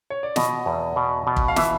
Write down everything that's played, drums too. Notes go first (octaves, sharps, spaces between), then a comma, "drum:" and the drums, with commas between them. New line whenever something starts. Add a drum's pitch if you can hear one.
C#5
D5
B2 D#5, drum: snare
E2
B2
B2
drum: kick
F5
E3 E5, drum: snare